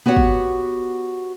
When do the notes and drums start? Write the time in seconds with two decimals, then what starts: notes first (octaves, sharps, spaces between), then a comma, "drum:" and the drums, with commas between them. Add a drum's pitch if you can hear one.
0.06 B3 F#4 G4 C#5 F#5
0.17 drum: kick